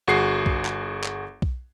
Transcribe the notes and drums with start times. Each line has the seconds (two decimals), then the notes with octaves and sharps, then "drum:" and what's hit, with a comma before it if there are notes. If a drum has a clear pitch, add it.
0.08 G1 F#4 G#4 C7
0.46 drum: kick B1
0.65 drum: clap
1.04 drum: clap
1.42 drum: kick B1